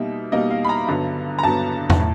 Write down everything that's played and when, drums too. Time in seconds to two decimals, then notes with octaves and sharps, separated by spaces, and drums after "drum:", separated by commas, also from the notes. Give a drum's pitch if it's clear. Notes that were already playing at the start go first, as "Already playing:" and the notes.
Already playing: B2 G3 A#3 D#4 E5
0.32 B2 G3 A#3 D#4 D#5
0.51 F5
0.65 B5
0.69 A#5
0.88 G2 D3 F#3 B3
1.39 A#5
1.43 G2 D3 F#3 B3 A5
1.90 drum: tom E2
1.99 A2